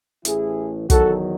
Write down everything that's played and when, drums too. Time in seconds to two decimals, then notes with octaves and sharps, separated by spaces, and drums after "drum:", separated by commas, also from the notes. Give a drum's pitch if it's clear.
0.25 A1 A2 E3 E4 G#4, drum: hi-hat
0.90 E2 D#3 F#3 F#4 A4, drum: kick, hi-hat